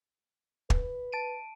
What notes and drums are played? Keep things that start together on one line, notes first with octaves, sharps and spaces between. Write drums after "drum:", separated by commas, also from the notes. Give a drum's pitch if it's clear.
B4, drum: kick
A5 D7 D#7